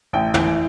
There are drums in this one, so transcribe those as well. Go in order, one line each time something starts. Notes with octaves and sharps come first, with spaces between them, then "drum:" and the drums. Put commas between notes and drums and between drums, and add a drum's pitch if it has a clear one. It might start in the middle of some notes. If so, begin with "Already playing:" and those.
A1 G5
E3, drum: tom